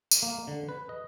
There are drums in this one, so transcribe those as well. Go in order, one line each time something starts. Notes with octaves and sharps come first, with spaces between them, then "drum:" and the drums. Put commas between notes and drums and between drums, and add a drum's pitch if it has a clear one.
drum: tambourine
A#3
D3
B4
D#5